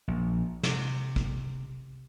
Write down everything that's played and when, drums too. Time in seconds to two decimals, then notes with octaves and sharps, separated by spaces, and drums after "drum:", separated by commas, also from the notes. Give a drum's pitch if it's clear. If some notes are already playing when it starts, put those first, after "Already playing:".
0.08 A#1
0.63 C3, drum: snare
1.16 drum: kick